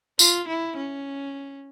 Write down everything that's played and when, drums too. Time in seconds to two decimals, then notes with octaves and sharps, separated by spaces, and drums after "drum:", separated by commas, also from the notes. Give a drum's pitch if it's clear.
0.19 F4, drum: tambourine
0.48 E4
0.77 C#4